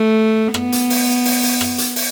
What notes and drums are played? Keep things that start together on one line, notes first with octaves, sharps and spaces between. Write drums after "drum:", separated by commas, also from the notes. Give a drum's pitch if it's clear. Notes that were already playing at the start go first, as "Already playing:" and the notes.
Already playing: A3
B3, drum: rim click
drum: hi-hat
drum: open hi-hat
drum: open hi-hat
drum: open hi-hat
drum: rim click
drum: hi-hat
drum: open hi-hat